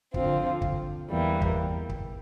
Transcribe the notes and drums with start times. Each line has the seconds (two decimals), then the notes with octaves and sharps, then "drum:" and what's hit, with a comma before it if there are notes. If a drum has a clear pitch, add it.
0.14 D3 F3 C4 F4, drum: kick
0.62 drum: kick
1.10 E2 E3 G3 A#3
1.41 drum: kick
1.89 drum: kick